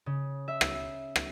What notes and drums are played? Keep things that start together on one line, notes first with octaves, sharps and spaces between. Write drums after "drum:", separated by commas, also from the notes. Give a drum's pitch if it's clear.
C#3
E5
drum: rim click
drum: rim click